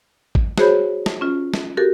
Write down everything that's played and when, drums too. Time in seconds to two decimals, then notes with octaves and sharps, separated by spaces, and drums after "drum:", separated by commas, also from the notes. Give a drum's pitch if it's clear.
0.35 drum: kick G#1
0.58 F#4 G#4 C5 C#5 B5 G6, drum: snare
1.06 drum: snare
1.21 C#4 F4
1.54 drum: snare
1.77 F#4 G4 A4 A#4